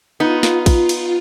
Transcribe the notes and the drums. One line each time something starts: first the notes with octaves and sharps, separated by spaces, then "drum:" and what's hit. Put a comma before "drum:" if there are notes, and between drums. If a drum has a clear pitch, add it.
B3 D#4 F4
drum: snare
drum: kick, cymbal
drum: cymbal